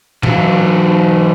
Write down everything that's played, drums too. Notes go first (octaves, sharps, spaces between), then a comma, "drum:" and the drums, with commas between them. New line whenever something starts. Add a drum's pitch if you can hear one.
E3 F#3, drum: tom A2